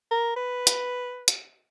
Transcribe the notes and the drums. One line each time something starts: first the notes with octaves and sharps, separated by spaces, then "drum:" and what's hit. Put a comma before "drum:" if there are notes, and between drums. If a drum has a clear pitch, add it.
A#4
B4
drum: hi-hat
drum: hi-hat